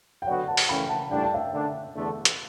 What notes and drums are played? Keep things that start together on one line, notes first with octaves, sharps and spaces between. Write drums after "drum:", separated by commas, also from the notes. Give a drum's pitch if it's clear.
G5
D3 F#3 B3 F#4 D5 F#5
F#5 A5
drum: open hi-hat
E3 A3 C#4 G5 B5
F#5 A5
A2 G3 D4 G5
A5
E5 G5
D3 A3 D4
E2 D3 A3 D4
drum: hi-hat